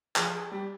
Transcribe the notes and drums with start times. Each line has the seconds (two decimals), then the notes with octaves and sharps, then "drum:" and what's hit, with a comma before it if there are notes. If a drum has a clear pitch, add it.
0.16 F3 G#4, drum: clap
0.34 G#4
0.51 G3 G4